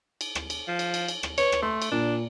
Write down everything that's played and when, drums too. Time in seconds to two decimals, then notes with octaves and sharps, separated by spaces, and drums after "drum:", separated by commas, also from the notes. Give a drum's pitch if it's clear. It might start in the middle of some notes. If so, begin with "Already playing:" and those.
0.21 drum: cymbal
0.35 drum: rim click
0.50 drum: cymbal
0.68 F3
0.79 drum: cymbal
0.94 drum: cymbal
1.08 drum: cymbal
1.23 drum: rim click
1.38 B4 C#5, drum: cymbal
1.52 drum: rim click
1.62 A3 C6
1.82 drum: cymbal
1.91 A#2 A#3 D4